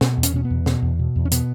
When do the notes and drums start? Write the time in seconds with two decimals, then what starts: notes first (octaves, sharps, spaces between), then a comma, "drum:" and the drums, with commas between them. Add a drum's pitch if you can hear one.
0.01 B2, drum: snare
0.17 E2
0.23 C#4, drum: hi-hat
0.34 B2 C#4
0.45 B3
0.50 E2
0.66 B2, drum: snare
0.82 E2
0.99 B2
1.16 E2
1.25 C#4
1.31 B2 B3, drum: hi-hat